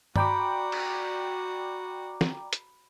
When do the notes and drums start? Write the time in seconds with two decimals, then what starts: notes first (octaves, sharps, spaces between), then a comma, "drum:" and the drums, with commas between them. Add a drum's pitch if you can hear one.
0.16 F#4 D5 G5 A#5 B5 D6, drum: tom G2
0.72 drum: cymbal
2.21 drum: snare
2.53 drum: hi-hat